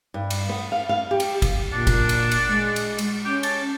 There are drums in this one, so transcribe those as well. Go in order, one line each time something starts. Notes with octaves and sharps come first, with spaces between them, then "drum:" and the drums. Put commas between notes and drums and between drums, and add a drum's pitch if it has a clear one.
G2
drum: cymbal
B3
F5
F5
G4
drum: cymbal
drum: kick, cymbal
A#2 D4
drum: kick, cymbal
drum: cymbal
drum: cymbal
G#3
drum: cymbal
drum: cymbal
C#4 G4
A5, drum: cymbal